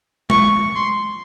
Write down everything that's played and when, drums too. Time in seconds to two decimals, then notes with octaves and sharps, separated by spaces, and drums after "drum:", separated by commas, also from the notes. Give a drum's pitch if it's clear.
0.30 C#6, drum: tom
0.75 C6